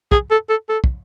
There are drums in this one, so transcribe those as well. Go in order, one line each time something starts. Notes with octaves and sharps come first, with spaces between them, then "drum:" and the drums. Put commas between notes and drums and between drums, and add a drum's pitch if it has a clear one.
G#4, drum: kick
A4
A4
A4
drum: kick